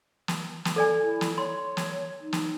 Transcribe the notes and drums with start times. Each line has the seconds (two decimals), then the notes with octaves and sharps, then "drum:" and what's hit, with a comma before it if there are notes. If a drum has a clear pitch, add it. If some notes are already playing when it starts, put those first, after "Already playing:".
0.28 drum: snare
0.65 drum: snare
0.76 A4 D5 G#5
1.02 E4
1.21 drum: snare
1.38 C#5 C6
1.77 drum: snare
2.21 D#4
2.33 drum: snare